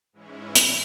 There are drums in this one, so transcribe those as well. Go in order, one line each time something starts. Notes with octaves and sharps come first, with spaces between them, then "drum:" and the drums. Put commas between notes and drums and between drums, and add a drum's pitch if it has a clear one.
G#2 E3 G#3 C#4 E4
drum: hi-hat